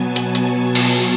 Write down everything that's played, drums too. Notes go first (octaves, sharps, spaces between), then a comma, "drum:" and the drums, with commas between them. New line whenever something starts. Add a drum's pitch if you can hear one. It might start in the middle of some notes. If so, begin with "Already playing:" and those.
Already playing: B2 F#3 B3 G#5 A5
C#6, drum: hi-hat
drum: hi-hat
D#6
drum: cymbal